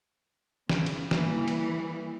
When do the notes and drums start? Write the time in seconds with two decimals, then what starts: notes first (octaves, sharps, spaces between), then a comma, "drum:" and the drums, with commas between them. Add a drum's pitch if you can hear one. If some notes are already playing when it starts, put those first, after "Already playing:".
0.69 C#3, drum: snare
0.86 drum: cymbal
1.11 E3 G3 A#3, drum: snare
1.48 drum: cymbal